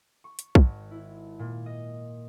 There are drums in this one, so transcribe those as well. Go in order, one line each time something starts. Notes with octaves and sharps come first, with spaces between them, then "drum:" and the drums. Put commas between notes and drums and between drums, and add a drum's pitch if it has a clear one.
C#6
drum: hi-hat
G#1, drum: kick B1
E4
A#2
D#5